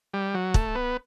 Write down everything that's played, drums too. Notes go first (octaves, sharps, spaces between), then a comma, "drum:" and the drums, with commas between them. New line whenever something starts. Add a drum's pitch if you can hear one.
G3
F#3
A3, drum: kick
B3